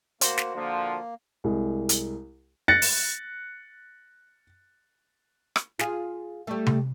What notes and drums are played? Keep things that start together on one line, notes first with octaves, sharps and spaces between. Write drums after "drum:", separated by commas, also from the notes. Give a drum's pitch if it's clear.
A#3 F#4 C5, drum: hi-hat
drum: snare
D3 F3 A#3
C2 G#3
drum: hi-hat
F#6 A6 A#6 C#7
drum: open hi-hat
drum: rim click
F4 G#4, drum: snare
G3 A3
drum: tom C3